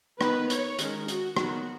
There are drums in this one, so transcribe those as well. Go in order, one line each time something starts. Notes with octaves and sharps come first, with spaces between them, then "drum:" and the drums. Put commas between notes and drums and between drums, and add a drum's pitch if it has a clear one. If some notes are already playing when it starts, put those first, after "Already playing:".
D#3 B3 B4, drum: rim click
C#5, drum: hi-hat
D#3 G#3 C#4, drum: hi-hat
F#4, drum: hi-hat
D#3 F#3 B3 F#4, drum: rim click